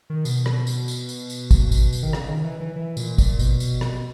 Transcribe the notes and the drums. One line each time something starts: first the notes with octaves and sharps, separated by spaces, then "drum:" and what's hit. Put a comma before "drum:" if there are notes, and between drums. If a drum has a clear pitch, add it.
D#3
B2, drum: tambourine
drum: rim click
drum: tambourine
drum: tambourine
drum: tambourine
drum: tambourine
drum: kick G#1, tambourine
drum: tambourine
drum: tambourine
D#3
C#3, drum: rim click
D#3
E3
E3
E3
A#2, drum: tambourine
A#2, drum: kick G#1, tambourine
B2, drum: tambourine
drum: tambourine
drum: rim click